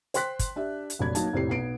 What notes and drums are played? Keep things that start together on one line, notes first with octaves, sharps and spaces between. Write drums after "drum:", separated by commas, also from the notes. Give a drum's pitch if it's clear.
C5 G5 C6 F#6 B6, drum: hi-hat
drum: kick, hi-hat
D4 G4 E5
drum: hi-hat
F1 A#1 F#3 D4 B5 G#6
F#3 A#3 D#4 A5, drum: hi-hat
F1 A2 C4 G4 C7
B1 B3 C7 D7